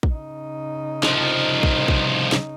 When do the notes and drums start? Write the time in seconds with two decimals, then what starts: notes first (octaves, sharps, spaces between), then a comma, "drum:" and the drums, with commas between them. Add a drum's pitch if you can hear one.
0.03 drum: kick
0.13 C#3 D#4
1.03 C2 F3, drum: snare
1.63 drum: kick
1.88 drum: kick
2.32 drum: snare